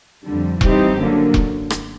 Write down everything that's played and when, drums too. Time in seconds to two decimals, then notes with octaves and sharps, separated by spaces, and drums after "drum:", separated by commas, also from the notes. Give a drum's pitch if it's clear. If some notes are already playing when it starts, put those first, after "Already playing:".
0.24 F2 D3 G3
0.61 E3 G3 C4 D#4 G4, drum: kick E1
0.97 F#2 D3 F#3 A#3
1.34 drum: kick E1
1.70 drum: rim click